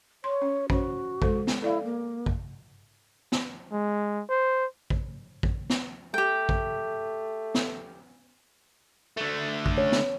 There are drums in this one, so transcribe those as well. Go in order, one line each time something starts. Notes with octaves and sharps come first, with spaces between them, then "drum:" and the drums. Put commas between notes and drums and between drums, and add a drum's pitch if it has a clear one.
C#5 C6
C#4
C#4 F#4 C5 C#5, drum: kick A1
G#3 A4 C5, drum: kick A1
drum: snare
E4 A4 D5 F5
A#3
drum: kick A1
drum: snare
G#3
C5
drum: kick A1
drum: kick A1
drum: snare
A3 G4 G5
drum: kick A1
drum: snare
D3 A3
drum: kick A1
C#5
drum: snare